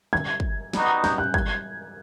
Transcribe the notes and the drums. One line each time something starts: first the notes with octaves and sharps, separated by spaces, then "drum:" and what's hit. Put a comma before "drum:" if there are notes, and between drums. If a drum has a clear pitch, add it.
G#6, drum: tom D3
drum: kick
G3 B3 D#4 F#4, drum: snare
G6, drum: snare
F#6
G#6, drum: kick